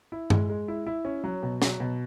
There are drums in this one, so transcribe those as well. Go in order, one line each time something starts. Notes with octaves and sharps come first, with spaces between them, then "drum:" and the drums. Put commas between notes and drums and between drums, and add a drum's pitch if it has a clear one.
E4
G#3, drum: tom G2
G#3
E4
E4
C#4
F#3
B2
F#3, drum: snare
B2